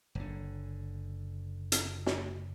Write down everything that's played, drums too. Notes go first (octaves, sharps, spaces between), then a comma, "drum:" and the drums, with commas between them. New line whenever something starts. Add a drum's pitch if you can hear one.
F#1 D3
drum: hi-hat
drum: snare